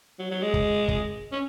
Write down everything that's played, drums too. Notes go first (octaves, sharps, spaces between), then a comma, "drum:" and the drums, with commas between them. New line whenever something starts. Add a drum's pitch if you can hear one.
F#3
F#3
G#3
drum: kick
drum: kick
C#4